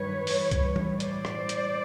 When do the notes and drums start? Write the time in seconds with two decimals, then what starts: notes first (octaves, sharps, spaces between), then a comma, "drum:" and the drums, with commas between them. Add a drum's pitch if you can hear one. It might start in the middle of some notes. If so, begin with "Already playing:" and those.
Already playing: G2 D#3 F#3 B4 C#5
0.27 A2 E3 G3, drum: open hi-hat
0.51 drum: kick C2, hi-hat
0.76 drum: tom E3
1.00 C5 D5, drum: hi-hat
1.25 drum: rim click
1.49 drum: hi-hat